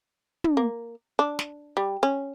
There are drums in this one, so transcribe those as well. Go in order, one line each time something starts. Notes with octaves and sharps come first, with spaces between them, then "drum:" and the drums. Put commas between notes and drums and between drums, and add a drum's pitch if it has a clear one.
drum: tom
A#3
D4
drum: snare
G3
C#4